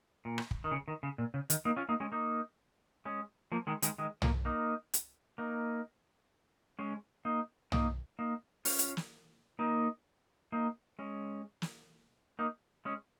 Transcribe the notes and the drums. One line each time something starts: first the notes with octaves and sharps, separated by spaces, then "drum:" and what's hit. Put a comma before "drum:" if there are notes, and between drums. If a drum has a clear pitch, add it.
A#2
drum: rim click
drum: kick
D#3
C#3
D#3
C#3
A#2
C#3
D#3, drum: hi-hat
A#3 D#4
C#4 F4
A#3 D#4
G#3 C#4
A#3 D#4
G#3 C#4
F3 A#3
D#3 G#3
D#3 G#3, drum: hi-hat
D#3 G#3
F3 A#3, drum: tom
A#3 D#4
drum: hi-hat
A#3 D#4
G#3 C#4
A#3 D#4
A#3 D#4, drum: tom
A#3 D#4
C#4 F4, drum: open hi-hat
drum: hi-hat
drum: snare
A#3 D#4
A#3 D#4
G#3 C#4
drum: snare
A#3 D#4
G#3 C#4